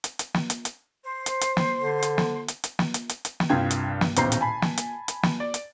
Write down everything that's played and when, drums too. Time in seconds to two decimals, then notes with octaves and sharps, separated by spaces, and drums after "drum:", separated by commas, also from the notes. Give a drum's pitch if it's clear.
0.04 drum: hi-hat
0.19 drum: hi-hat
0.34 drum: snare
0.50 drum: hi-hat
0.65 drum: hi-hat
1.03 C5
1.26 drum: hi-hat
1.41 drum: hi-hat
1.57 drum: snare
1.79 D3
2.03 drum: hi-hat
2.18 drum: snare
2.48 drum: hi-hat
2.64 drum: hi-hat
2.79 drum: snare
2.94 drum: hi-hat
3.09 drum: hi-hat
3.25 drum: hi-hat
3.40 drum: snare
3.50 C2 G2 F4 G5 G#6
3.71 drum: hi-hat
4.01 drum: snare
4.16 D#1 A1 B2 C5 A#5 C7, drum: hi-hat
4.32 drum: hi-hat
4.41 G#5 A5 B5
4.62 drum: snare
4.78 drum: hi-hat
5.08 drum: hi-hat
5.23 drum: snare
5.40 D5
5.54 drum: hi-hat